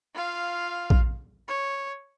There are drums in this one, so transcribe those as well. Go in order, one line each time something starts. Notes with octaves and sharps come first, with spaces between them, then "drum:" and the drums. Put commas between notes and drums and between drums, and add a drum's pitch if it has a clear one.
F4 F5
drum: kick A#1
C#5